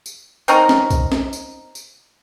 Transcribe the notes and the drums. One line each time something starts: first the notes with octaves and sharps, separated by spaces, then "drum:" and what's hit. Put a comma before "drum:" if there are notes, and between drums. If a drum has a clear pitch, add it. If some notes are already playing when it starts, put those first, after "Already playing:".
drum: tambourine
C4 C#4 D#4 A#4, drum: tambourine
drum: snare
drum: kick, tambourine
drum: snare
drum: tambourine
drum: tambourine